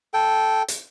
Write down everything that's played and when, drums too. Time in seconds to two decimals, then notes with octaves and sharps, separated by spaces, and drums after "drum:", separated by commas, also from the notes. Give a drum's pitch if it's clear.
0.14 A4 G5
0.68 drum: hi-hat